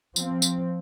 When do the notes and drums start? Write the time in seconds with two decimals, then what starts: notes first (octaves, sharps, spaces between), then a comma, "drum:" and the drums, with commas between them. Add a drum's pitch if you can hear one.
0.16 F3 C4, drum: tambourine
0.42 drum: tambourine